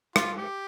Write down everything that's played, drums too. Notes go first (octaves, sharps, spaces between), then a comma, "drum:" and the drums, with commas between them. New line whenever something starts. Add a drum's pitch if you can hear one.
F4, drum: rim click
G4